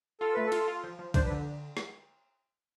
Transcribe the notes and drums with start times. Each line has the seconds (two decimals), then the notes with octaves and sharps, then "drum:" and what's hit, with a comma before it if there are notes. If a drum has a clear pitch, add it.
0.21 F4 A4
0.34 A3 B4
0.46 A4
0.52 F4, drum: cymbal
0.68 F4
0.84 F3
0.99 F3
1.14 D4 C5, drum: kick, cymbal
1.25 B4
1.30 D3
1.77 drum: rim click